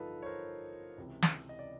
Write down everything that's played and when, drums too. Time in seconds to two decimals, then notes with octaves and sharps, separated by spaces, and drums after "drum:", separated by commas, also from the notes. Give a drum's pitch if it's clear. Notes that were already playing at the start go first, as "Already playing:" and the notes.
Already playing: A1 G2 D3 F3 D#4 F4 A4 B4
0.22 C#5
0.26 A#4 C5
0.98 C#2 C3 E3
1.22 drum: snare
1.49 D#5
1.59 D5